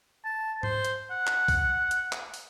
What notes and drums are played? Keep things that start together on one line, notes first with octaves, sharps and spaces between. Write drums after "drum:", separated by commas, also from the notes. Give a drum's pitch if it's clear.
A5
C5, drum: tom G#2
drum: hi-hat
F#5
drum: clap
drum: kick B1, open hi-hat
drum: hi-hat
drum: clap
drum: open hi-hat